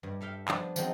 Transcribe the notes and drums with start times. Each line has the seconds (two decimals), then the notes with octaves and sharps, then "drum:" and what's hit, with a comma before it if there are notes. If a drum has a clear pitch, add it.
0.03 G2
0.21 A4 E5 F5 G5
0.48 F3 B3 D4, drum: clap
0.76 F3 F#3 G#3 C4 D#4 F#4, drum: tambourine